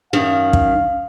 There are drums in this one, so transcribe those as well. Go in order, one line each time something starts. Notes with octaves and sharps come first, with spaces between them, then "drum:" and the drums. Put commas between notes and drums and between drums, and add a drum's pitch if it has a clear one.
F#2 D#3 F5
drum: kick